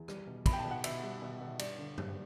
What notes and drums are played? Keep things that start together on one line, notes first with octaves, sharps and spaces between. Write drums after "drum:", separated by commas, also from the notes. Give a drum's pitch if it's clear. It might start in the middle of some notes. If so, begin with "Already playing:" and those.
Already playing: E2
G3, drum: rim click
B2
B2 B5, drum: kick, cymbal
G5
A5
B2
F#5
B2 E5, drum: cymbal
G3
B2
B2
G2 D5, drum: cymbal
D3
G2, drum: tom G2